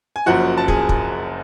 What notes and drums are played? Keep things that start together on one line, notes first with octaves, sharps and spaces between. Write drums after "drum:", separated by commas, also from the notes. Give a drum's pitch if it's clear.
G#5
F#1 F#2 F3 F#4 F#5
A5
G#4 G#5, drum: kick
drum: kick